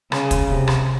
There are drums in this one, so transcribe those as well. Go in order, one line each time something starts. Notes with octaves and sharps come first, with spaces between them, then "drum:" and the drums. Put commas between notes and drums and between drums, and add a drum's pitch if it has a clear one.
C#3, drum: rim click
drum: kick, hi-hat
C3
drum: rim click